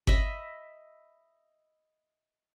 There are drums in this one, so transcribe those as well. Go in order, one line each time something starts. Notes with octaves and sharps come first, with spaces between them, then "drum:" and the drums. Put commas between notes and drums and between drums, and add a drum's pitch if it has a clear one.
D#5 E5 B5, drum: kick G1